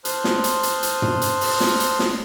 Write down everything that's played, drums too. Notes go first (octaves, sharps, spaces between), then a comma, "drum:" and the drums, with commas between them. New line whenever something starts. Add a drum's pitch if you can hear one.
C5 A5 C6 D#6 F6 F#6, drum: hi-hat
drum: snare
drum: hi-hat
drum: hi-hat
drum: hi-hat
drum: tom
drum: hi-hat
drum: open hi-hat
drum: snare
drum: hi-hat
drum: snare